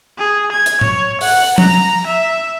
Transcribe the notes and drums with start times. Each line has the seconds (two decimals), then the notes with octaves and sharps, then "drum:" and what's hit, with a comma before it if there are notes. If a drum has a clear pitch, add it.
0.18 G#4
0.52 G#6
0.66 drum: hi-hat
0.81 C#5, drum: tom A2
1.21 F#5, drum: open hi-hat
1.58 A#5, drum: tom F3
2.07 E5